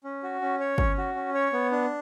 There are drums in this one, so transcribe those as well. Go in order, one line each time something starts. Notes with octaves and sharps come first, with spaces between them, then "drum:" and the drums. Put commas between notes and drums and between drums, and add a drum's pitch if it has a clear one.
C#4
F#4
C#4
C#5
C#4, drum: kick
F#4
C#4
C#5
B3
D4